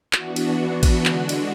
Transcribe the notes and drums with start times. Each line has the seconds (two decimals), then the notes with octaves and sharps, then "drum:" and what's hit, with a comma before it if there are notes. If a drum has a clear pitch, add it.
0.13 E3 B3 D4 F#4, drum: clap
0.36 drum: cymbal
0.83 drum: kick A1, cymbal
1.05 D3 G#3 D4 F#4, drum: clap
1.29 drum: cymbal